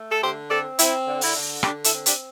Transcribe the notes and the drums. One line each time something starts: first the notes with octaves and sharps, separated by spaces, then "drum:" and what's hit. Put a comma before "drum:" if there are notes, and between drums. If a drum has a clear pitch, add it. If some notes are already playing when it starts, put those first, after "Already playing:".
Already playing: A3
A4
D3 G4 C5
C4 A4 D5
C4 E4, drum: hi-hat
D3
E4, drum: open hi-hat
D3
D3 D4 G4, drum: rim click
E4 A4, drum: hi-hat
C4
D4 G4, drum: hi-hat